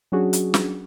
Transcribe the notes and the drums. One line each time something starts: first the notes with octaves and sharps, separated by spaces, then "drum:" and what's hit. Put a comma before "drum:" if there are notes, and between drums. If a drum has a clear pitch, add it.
F#3 C#4 D4 F#4 G#4
drum: hi-hat
drum: snare